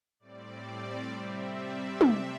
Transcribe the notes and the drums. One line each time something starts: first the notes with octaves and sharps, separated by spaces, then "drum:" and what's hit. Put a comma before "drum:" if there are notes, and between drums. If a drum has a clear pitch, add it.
A2 G3 C4 D5
C3 G3 C4 E5
D5
C3 A3 C4 E5, drum: tom